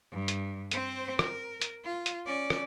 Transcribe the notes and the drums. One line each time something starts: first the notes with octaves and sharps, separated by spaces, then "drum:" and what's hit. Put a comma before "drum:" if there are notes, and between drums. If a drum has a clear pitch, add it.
G2
drum: hi-hat
C4 C5, drum: hi-hat
A#4, drum: rim click
drum: hi-hat
F4
drum: hi-hat
C#4 D5
drum: rim click